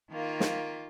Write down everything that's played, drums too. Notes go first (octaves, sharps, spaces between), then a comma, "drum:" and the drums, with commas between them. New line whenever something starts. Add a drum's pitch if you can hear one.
D#3 A#3 F4
drum: snare